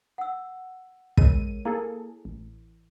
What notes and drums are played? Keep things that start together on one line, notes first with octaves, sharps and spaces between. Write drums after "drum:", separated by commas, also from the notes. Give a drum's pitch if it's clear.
F#5 E6
G#3 A#4 C#5 D#7, drum: kick
A#3 E4 G#4 A4
A1